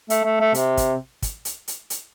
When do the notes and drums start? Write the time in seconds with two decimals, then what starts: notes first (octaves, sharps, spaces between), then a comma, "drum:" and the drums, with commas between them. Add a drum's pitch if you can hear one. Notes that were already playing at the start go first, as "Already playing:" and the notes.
0.10 A3, drum: hi-hat
0.24 A3
0.40 A3
0.54 C3, drum: hi-hat
0.77 drum: kick, hi-hat
1.22 drum: kick, hi-hat
1.45 drum: hi-hat
1.68 drum: hi-hat
1.90 drum: hi-hat